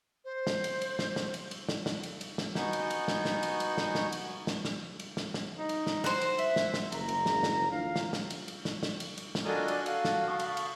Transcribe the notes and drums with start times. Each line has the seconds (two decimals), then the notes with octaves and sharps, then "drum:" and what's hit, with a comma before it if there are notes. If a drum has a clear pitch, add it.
0.25 C5
0.47 drum: snare
0.64 drum: cymbal
0.81 drum: cymbal
0.99 drum: snare
1.16 drum: snare
1.34 drum: cymbal
1.51 drum: cymbal
1.69 drum: snare
1.86 drum: snare
2.03 drum: cymbal
2.21 drum: cymbal
2.38 drum: snare
2.55 B3 D#4 F#4 G#5 C#6 G6, drum: snare
2.73 drum: cymbal
2.90 drum: cymbal
3.08 drum: snare
3.25 drum: snare
3.43 drum: cymbal
3.60 drum: cymbal
3.78 drum: snare
3.95 drum: snare
4.12 drum: cymbal
4.47 drum: snare
4.65 drum: snare
4.99 drum: cymbal
5.17 drum: snare
5.34 drum: snare
5.58 D#4
5.69 drum: cymbal
5.87 drum: snare
6.04 F#4 C5, drum: snare
6.21 drum: cymbal
6.38 E5, drum: cymbal
6.56 drum: snare
6.74 drum: snare
6.92 F#1 A#5, drum: cymbal
7.09 drum: cymbal
7.26 drum: snare
7.43 drum: snare
7.70 D2 E3 D4 F4 F5
7.96 drum: snare
8.13 drum: snare
8.30 drum: cymbal
8.48 drum: cymbal
8.65 drum: snare
8.83 drum: snare
9.00 drum: cymbal
9.18 drum: cymbal
9.35 drum: snare
9.45 D4 F4 F#4 A4 A#4 D#5 G#5
9.68 D5, drum: cymbal
9.86 F#4 A4 F5, drum: cymbal
10.05 drum: snare
10.28 A5 C#6 D#6
10.39 drum: cymbal
10.57 drum: cymbal